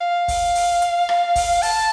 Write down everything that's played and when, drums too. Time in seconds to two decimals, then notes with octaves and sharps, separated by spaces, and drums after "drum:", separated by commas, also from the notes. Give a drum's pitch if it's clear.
0.01 F5
0.28 drum: kick, open hi-hat
0.55 drum: open hi-hat
0.82 drum: hi-hat
1.09 drum: rim click
1.36 drum: kick, open hi-hat
1.62 A5, drum: open hi-hat